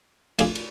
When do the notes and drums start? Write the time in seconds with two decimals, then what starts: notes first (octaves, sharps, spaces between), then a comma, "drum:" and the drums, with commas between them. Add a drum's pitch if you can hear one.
0.39 A3 D4 F4 G#4, drum: cymbal
0.55 drum: cymbal